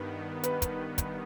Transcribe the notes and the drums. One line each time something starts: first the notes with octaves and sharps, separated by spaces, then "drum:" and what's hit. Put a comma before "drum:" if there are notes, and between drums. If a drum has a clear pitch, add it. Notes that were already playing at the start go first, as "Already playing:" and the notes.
Already playing: G2 D#3 B3
B4, drum: hi-hat
drum: kick, hi-hat
drum: kick, hi-hat